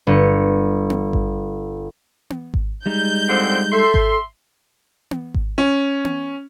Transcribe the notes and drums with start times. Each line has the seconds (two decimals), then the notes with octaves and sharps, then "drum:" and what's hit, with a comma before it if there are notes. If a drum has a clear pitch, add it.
0.07 G1 C#7
0.90 drum: tom B3
1.13 drum: kick G#1
2.30 drum: tom B3
2.54 drum: kick G#1
2.86 G3 G#3 D#4 G6
3.28 D3 F3 C4
3.72 A4 E5 C6
3.94 drum: kick G#1
5.11 drum: tom B3
5.34 drum: kick G#1
5.58 C#4
6.05 drum: tom B3